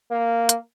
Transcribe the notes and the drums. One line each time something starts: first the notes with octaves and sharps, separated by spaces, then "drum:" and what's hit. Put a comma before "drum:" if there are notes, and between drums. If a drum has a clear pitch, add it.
A#3
drum: hi-hat